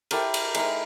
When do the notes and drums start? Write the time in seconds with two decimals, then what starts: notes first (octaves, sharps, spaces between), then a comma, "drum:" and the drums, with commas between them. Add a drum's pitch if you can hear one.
0.11 E4 G4 A4 A#4, drum: cymbal
0.34 drum: cymbal
0.55 G#3 D#4 E4 A#4, drum: cymbal